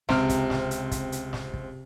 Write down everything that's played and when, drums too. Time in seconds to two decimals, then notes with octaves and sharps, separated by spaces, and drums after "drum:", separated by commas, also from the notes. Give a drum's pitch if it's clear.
0.09 C#2 C3 C4 F6, drum: snare
0.29 drum: kick, hi-hat
0.50 drum: snare
0.71 drum: hi-hat
0.91 drum: kick, hi-hat
1.12 drum: hi-hat
1.33 drum: snare
1.54 drum: kick